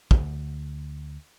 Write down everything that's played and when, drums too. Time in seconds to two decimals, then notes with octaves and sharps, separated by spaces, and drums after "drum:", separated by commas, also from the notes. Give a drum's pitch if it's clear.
0.11 D2, drum: kick